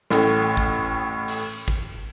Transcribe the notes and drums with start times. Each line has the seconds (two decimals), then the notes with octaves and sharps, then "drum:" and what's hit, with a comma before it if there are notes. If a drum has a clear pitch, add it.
0.11 A1 A2 A3, drum: snare
0.57 drum: kick G#1
1.28 drum: cymbal
1.68 drum: kick G#1